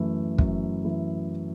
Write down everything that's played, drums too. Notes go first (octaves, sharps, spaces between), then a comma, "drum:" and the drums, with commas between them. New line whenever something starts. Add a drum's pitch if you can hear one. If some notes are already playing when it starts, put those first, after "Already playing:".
Already playing: F#2 E3 A3 E4
F#2, drum: kick
E3 A3 E4